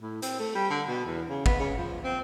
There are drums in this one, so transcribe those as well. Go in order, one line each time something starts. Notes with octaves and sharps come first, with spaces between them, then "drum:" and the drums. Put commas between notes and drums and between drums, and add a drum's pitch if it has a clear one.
A2
C4, drum: hi-hat
A3
G3
D3
B2
E2
C#3
B3, drum: kick
C#3
F3
C4